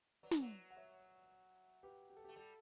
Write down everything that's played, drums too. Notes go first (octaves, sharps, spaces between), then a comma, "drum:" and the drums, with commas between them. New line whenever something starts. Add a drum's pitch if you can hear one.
F#3 B4 D5
E3, drum: snare
F#3
F#5
C#5 E5
G4 B4
G4
A4
A3 G4
G3 A4